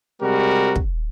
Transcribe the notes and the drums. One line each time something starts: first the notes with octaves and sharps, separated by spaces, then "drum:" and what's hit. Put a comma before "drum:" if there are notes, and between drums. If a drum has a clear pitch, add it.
C3 G3 G#3 F#4 A#4
drum: kick